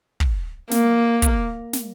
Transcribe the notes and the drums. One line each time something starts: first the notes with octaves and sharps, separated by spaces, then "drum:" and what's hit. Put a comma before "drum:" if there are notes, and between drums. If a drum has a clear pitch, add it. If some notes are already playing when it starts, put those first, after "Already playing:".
drum: kick
A#3, drum: snare
drum: kick, hi-hat
drum: snare